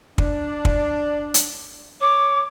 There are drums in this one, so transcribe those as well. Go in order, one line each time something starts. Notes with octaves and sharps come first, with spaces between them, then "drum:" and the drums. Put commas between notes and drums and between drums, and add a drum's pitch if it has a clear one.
D4, drum: kick
drum: kick
drum: hi-hat
C#5 D6